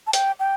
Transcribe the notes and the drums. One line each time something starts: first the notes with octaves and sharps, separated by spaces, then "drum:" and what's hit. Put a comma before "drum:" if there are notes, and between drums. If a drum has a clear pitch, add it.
A5
G5, drum: hi-hat
G5